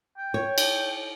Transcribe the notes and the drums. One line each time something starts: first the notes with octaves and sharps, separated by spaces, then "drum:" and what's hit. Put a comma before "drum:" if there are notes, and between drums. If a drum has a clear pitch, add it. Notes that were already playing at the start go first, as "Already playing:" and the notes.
G5
C#5
drum: cymbal